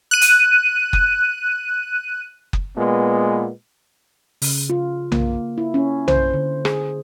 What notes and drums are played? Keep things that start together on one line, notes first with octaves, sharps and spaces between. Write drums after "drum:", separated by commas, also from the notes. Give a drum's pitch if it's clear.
F#6 D#7
drum: hi-hat
drum: kick F#1
drum: kick F#1
A#2 G#3 B3
C#3, drum: open hi-hat
F4
A#3, drum: tom B1
E4
C#4
C5, drum: tom B1
D3
G#4, drum: rim click